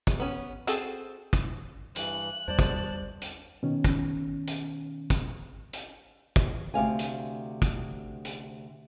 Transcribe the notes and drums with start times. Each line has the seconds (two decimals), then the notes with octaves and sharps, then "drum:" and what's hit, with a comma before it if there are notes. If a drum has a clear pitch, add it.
0.07 drum: kick, hi-hat
0.20 B3 C#4
0.67 C4 F#4 G#4 A4, drum: hi-hat
1.33 drum: kick, hi-hat
1.96 G2 E3 F#6, drum: hi-hat
2.48 E2 G3 C5 D5 A5
2.59 drum: kick, hi-hat
3.22 drum: hi-hat
3.63 B2 D#3 C#4
3.84 drum: kick, hi-hat
4.47 drum: hi-hat
5.10 drum: kick, hi-hat
5.73 drum: hi-hat
6.36 drum: kick, hi-hat
6.74 D2 C3 F5 G#5
6.99 drum: hi-hat
7.62 drum: kick, hi-hat
8.25 drum: hi-hat